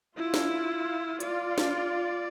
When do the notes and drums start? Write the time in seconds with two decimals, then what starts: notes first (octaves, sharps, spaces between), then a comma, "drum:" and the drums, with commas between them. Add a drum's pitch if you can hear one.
0.17 E4 F4
0.34 drum: snare
1.20 F4 D5, drum: hi-hat
1.58 drum: snare